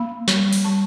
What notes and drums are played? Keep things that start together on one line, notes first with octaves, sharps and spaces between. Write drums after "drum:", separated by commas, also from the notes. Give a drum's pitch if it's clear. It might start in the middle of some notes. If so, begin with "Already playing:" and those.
Already playing: A#3 B5
G3, drum: snare
drum: open hi-hat
G3 A5